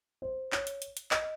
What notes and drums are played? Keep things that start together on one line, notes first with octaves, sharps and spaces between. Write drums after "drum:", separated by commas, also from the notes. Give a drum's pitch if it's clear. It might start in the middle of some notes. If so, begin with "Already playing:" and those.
C5
C#5, drum: clap
drum: hi-hat
drum: hi-hat
drum: hi-hat
D#5, drum: clap